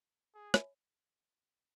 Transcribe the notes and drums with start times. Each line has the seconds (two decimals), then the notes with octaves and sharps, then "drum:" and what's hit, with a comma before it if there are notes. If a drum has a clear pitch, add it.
0.35 G#4
0.54 drum: rim click